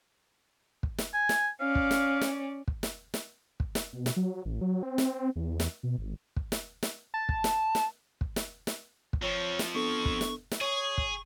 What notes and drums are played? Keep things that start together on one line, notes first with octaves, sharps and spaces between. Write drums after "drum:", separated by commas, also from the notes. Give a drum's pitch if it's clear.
drum: kick
drum: snare
G#5
drum: snare
C#4 D5 F5
drum: kick
drum: snare
drum: snare
drum: kick
drum: snare
drum: snare
drum: kick
drum: snare
B2
drum: snare
F#3
A1
F#3
C4
drum: snare
E2
drum: snare
B2
G#1
drum: kick
drum: snare
drum: snare
A5
drum: kick
drum: snare
drum: snare
drum: kick
drum: snare
drum: snare
drum: kick
F2 F3 C#5
drum: snare
B3 D4 A4 C#6
drum: kick
drum: snare
drum: snare
G#4 C#5 C#6
drum: kick